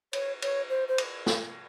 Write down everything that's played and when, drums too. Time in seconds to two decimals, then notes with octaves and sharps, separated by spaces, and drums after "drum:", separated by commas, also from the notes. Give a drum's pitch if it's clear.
0.13 C#5, drum: cymbal
0.42 C#5, drum: cymbal
0.70 C5
0.88 C5
0.98 drum: cymbal
1.26 drum: snare